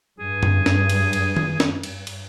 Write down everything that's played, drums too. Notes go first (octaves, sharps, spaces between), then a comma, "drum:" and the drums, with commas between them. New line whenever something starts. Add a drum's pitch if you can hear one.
G2 G#4
drum: tom F#2
drum: snare
drum: cymbal
drum: cymbal
drum: tom D#3
drum: snare
drum: cymbal
drum: cymbal